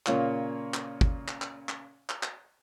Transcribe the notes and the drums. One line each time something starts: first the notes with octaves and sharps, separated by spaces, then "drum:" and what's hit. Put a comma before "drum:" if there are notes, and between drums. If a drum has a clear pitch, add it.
A#2 C#3 A#3 F4 C#5, drum: clap
drum: clap
drum: kick
drum: clap
drum: clap
drum: clap
drum: clap
drum: clap